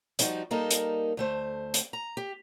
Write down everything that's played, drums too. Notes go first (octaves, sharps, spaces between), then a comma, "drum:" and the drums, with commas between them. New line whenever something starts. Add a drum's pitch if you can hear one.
F3 G3 D#4 F#4, drum: hi-hat
G3 A#3 D#4 A4 A#4 D#5
drum: hi-hat
D2 A3 C5
drum: hi-hat
A#5
G4